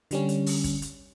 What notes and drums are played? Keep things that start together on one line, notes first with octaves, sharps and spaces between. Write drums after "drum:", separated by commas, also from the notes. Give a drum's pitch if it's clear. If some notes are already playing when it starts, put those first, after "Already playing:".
D3 G3 C#4, drum: hi-hat
drum: hi-hat
drum: open hi-hat
drum: kick, hi-hat
drum: hi-hat